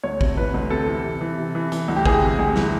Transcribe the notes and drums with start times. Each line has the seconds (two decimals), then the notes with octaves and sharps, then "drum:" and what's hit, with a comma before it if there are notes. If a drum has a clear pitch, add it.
0.03 D2 C#5
0.21 C3, drum: kick A1
0.37 E3 B4
0.54 D2
0.70 C3 A4
0.87 E3
1.05 C3
1.21 E3
1.38 C3
1.55 E3
1.72 E3, drum: hi-hat
1.88 D2
1.96 G4
2.06 E3 G#4, drum: kick A1
2.22 C3
2.38 D2 G#4
2.56 E3, drum: snare